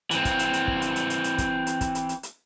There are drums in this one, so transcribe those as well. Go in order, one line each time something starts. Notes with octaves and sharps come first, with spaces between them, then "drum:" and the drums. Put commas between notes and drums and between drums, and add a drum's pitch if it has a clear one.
E3 C4, drum: hi-hat
drum: kick, hi-hat
drum: hi-hat
drum: hi-hat
drum: kick
drum: hi-hat
drum: hi-hat
drum: hi-hat
drum: hi-hat
drum: kick, hi-hat
drum: hi-hat
drum: kick, hi-hat
drum: hi-hat
drum: hi-hat
drum: hi-hat